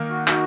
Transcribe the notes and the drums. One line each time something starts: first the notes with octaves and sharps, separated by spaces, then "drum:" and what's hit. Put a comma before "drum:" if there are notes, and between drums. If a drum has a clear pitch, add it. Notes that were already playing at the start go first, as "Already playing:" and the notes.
Already playing: D#3 A#3 D#4
F#4
D#4 F#4, drum: clap